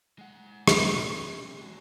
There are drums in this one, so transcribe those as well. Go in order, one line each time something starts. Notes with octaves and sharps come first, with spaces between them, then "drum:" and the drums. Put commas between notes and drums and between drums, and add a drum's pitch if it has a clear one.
G#3 F#5
drum: rim click
C4 C#4
G#3 F#4